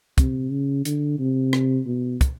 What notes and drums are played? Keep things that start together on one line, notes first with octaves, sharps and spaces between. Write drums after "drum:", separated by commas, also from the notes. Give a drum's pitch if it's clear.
C3, drum: kick, hi-hat
C#3
D3, drum: hi-hat
C3
drum: rim click
B2
drum: kick, hi-hat